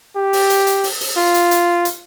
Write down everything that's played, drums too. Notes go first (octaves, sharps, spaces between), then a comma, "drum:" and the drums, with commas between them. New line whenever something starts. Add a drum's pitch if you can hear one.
G4
drum: open hi-hat
drum: hi-hat
drum: hi-hat
drum: open hi-hat
drum: open hi-hat
F4
drum: hi-hat
drum: hi-hat
drum: hi-hat